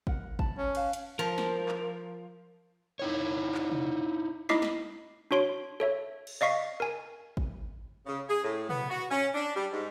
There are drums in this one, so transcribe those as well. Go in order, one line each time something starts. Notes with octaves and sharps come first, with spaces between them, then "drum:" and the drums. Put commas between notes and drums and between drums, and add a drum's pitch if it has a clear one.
A#4 F#5, drum: kick
A5 B5, drum: kick
C#4
B4 F5 A5, drum: cymbal
drum: hi-hat
F3 A#4
drum: snare
drum: clap
D#4 E4 C#5
drum: clap
drum: tom
D#4 E4 D#5 D6 B6 C7, drum: snare
drum: snare
D4 F#4 C#5 C6 D7
A4 C#5 E5
drum: cymbal
D5 D#5 F5 C#6 B6 C7
A#4 G#5
drum: kick
C#3
G#4
A2
B3, drum: tom
F#4
C#4
D4
G3
G#2